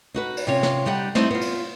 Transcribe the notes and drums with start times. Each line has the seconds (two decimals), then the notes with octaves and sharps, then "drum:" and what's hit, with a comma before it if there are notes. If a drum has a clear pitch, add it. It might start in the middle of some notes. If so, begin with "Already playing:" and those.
0.14 D#4 F#4 B4
0.37 drum: cymbal
0.47 C3 C#4 F4 C#5
0.63 drum: snare
0.86 G3 D#4 G4 F#5
1.15 G3 A3 C4 D#4 E4, drum: snare
1.31 B3 F4
1.41 drum: cymbal